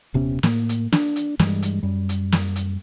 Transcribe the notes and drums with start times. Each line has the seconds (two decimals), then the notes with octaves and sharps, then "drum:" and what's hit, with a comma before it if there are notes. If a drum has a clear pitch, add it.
0.14 D#1 C3 B3 C#4
0.43 A2 A#3, drum: snare
0.69 drum: hi-hat
0.92 D4, drum: snare
1.16 drum: hi-hat
1.39 G2 E3 G3 G#3, drum: snare
1.62 drum: hi-hat
1.83 F#2 G3
2.09 drum: hi-hat
2.32 drum: snare
2.56 drum: hi-hat